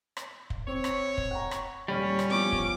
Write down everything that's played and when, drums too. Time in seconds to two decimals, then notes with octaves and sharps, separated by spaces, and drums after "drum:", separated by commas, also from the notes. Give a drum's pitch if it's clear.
0.17 drum: rim click
0.50 drum: kick
0.67 C4 C#5
0.84 drum: rim click
1.18 drum: kick
1.31 F#5 G5 A#5
1.51 drum: rim click
1.88 D#1 G3 C#4 C#5 B5
2.19 drum: rim click
2.30 F3 B3 D6
2.52 drum: kick